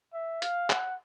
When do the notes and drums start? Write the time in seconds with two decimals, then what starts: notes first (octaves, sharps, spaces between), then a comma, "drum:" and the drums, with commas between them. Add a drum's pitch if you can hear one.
0.14 E5
0.42 F5, drum: hi-hat
0.70 F#5, drum: clap